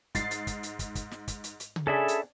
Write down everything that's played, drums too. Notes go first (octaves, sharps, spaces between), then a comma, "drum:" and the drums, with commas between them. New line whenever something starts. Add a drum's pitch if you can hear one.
G#2 A6 C7, drum: kick, hi-hat
drum: hi-hat
drum: kick, hi-hat
drum: hi-hat
drum: kick, hi-hat
drum: kick, hi-hat
drum: snare
drum: kick, hi-hat
drum: hi-hat
drum: hi-hat
drum: tom C#3
C#4 D4 G#4 A4 E5 B5
drum: hi-hat